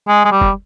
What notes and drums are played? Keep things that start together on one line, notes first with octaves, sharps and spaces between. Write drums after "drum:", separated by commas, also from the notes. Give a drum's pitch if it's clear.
G#3
G#3
G3
drum: kick F1